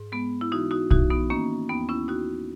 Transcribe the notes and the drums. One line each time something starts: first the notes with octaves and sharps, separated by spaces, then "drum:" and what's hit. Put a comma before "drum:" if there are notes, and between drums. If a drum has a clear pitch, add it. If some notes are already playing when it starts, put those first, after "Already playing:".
Already playing: G#2
G#3 B3
E4
E3 D#4 F#4
D#4 F#4
E3 D#4 F#4, drum: kick
B3 D#4
D#3 A#3 C#4
D#2 B3 D#4
C#4 E4
D#2 D#4 F#4